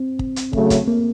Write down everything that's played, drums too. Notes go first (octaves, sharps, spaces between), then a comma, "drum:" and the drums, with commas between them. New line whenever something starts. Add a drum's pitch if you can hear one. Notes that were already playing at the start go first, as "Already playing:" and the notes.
Already playing: C4
drum: kick
drum: hi-hat
C#3 F#3 A3, drum: kick
drum: kick, hi-hat
A#3